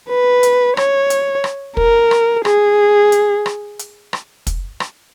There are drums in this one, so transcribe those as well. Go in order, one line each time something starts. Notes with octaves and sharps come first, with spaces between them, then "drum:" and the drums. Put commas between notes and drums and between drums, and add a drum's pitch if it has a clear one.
B4
drum: hi-hat
C#5, drum: rim click
drum: hi-hat
drum: rim click
A#4, drum: kick
drum: rim click
G#4, drum: rim click
drum: hi-hat
drum: rim click
drum: hi-hat
drum: rim click
drum: kick, hi-hat
drum: rim click